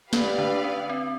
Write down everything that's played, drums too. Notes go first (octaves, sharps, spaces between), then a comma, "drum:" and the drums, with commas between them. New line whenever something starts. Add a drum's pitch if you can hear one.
C#4 G4 B4 D5 F5, drum: snare
D3 D4
C#4
C4